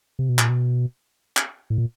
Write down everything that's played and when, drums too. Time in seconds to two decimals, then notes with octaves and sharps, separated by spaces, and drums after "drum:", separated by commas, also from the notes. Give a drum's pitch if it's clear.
0.19 C3
0.29 B2
0.39 A#2, drum: clap
0.49 B2
1.37 drum: clap
1.70 A2
1.78 A#2